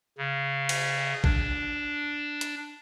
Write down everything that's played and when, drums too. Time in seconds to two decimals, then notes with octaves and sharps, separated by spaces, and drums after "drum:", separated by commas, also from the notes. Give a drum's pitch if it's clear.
0.18 C#3
0.69 drum: cymbal
1.24 D4, drum: kick
2.41 drum: hi-hat